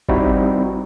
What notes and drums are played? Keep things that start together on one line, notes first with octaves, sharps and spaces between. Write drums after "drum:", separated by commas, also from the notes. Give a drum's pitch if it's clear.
G3 C4 D#4 E4 F#4, drum: kick G#1